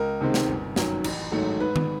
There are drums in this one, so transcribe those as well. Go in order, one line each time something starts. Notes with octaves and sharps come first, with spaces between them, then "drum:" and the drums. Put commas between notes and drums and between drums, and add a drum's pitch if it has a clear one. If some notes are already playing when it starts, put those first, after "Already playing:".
Already playing: C#2 A#4
C3 D#3 G#3 C4
drum: snare
G1
F#2 D#3 F#3, drum: snare
A1, drum: cymbal
G#2 D#3 F#3 A3
G#2 B4
drum: tom D#3